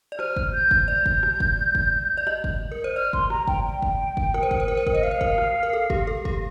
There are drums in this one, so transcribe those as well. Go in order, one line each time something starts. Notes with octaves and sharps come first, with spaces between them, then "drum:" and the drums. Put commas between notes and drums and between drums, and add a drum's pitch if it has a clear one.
D5
C5 F6, drum: rim click
drum: kick
G6
drum: kick
D5 G6
drum: kick
drum: rim click
drum: kick
drum: kick
D5
D#5, drum: rim click
drum: kick
A#4
C5
D5 F6
C6, drum: kick
A#5, drum: rim click
G5, drum: kick
G5
drum: kick
drum: kick
A#4, drum: rim click
C5
A#4, drum: kick
C5
A#4
C5
A#4, drum: kick
C5 D#5
A#4 F5
C5
A#4, drum: kick
drum: rim click
A#4
A4
G4, drum: kick
A4
G4, drum: kick